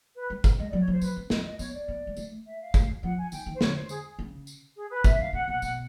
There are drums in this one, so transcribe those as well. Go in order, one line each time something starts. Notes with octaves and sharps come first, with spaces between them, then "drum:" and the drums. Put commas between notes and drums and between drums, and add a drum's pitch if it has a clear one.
B4
G3
drum: kick, tambourine
G#3 D#5
F#3 D5
C#5
F3
C5
F#3 B4, drum: tambourine
C4
C4 D#5, drum: snare
D#5
B3 C#5, drum: tambourine
D5
B3
G#3
A3, drum: tambourine
E5
F5
A3, drum: kick, tambourine
F3 F#5
G#5
D#3 G5, drum: tambourine
D#3
C5
D3 C#5, drum: snare
C5
G#4, drum: tambourine
C#3
drum: tambourine
G#4
B4
C#3 E5, drum: kick, tambourine
D3 F5
C3 F#5
B2 F#5
B2 F#5, drum: tambourine